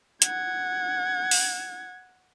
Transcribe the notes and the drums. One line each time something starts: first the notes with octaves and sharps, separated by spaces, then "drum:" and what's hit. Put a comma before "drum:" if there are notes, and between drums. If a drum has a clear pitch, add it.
F#5 G#6, drum: hi-hat
drum: open hi-hat